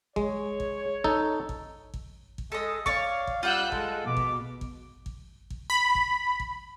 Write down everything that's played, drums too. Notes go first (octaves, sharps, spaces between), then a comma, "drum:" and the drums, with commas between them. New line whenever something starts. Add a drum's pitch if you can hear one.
G#3 C#5, drum: kick G#1
drum: kick G#1
D#4 A4, drum: kick G#1
drum: kick G#1
drum: kick G#1
drum: kick G#1
G#3 A4 D#5
C#5 D5 F5 C#6, drum: kick G#1
drum: kick G#1
G3 F4 F#5 E6 F#6 G6
G#3 A4, drum: kick G#1
B2 D6
drum: kick G#1
drum: kick G#1
drum: kick G#1
drum: kick G#1
B5
drum: kick G#1
drum: kick G#1